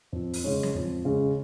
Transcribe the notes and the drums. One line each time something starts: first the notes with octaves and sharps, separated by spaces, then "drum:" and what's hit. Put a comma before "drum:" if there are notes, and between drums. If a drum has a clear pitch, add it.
F2
drum: open hi-hat
C#3 G#3 C#4
drum: snare
F2
C#3 G#3 C#4